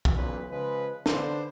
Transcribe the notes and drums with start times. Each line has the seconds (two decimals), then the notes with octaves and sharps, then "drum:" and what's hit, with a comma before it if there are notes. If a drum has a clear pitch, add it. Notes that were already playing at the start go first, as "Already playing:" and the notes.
0.05 drum: kick
0.15 B1 F#2 A#2 C#3 F3 B4
0.49 C#3 F3 G#3 B4
1.06 D3 D4 B4 C5, drum: snare